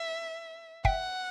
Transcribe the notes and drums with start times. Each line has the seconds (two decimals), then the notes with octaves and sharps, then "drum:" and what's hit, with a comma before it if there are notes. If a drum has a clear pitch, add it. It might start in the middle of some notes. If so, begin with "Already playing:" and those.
Already playing: E5
0.85 E5 F#5 G5, drum: kick